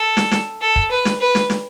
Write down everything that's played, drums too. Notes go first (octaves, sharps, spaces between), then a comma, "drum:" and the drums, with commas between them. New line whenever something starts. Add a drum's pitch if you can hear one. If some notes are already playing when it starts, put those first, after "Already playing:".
Already playing: A4
drum: snare
drum: snare
A4
drum: kick
B4
drum: snare
B4
drum: snare
drum: snare